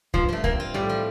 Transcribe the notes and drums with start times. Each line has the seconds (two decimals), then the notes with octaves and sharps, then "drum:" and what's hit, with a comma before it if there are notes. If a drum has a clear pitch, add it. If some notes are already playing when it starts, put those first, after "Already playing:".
0.14 G2 F3, drum: kick C2
0.29 F3 A3
0.44 A#3 C4, drum: kick C2
0.60 F4
0.74 A2 G3
0.89 F3